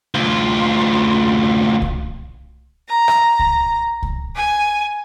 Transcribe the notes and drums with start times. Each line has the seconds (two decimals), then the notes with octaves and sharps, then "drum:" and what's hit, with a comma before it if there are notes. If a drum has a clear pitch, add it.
0.15 D2 F4
1.82 drum: kick C2
2.88 A#5
3.08 drum: rim click
3.39 drum: kick C2
4.02 drum: kick C2
4.34 G#5